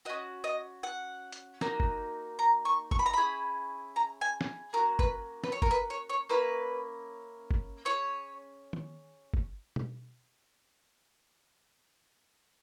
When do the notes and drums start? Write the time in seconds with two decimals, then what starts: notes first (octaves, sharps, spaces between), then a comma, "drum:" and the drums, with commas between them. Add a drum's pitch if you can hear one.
0.05 C#4 F#4 D#5
0.44 D#5
0.83 F#5
1.32 drum: hi-hat
1.61 A#3 D#4 F#4, drum: snare
1.80 drum: kick G1
2.39 A#5
2.65 C#6
2.91 C#6, drum: kick G1
2.99 B5
3.06 A#5
3.13 C#4 E4 G#4 B5
3.96 A#5
4.21 G#5
4.41 drum: snare
4.73 A#3 C#4 F#4 A#4
4.99 B4, drum: kick G1
5.44 B4, drum: snare
5.52 C#5
5.62 A#4, drum: kick G1
5.71 B4
5.90 C#5
6.09 C#5
6.29 A#3 C#4 E4 B4
7.51 drum: kick G1
7.85 C#4 E4 G#4 C#5
8.73 drum: tom D#3
9.34 drum: kick G1
9.76 drum: tom B2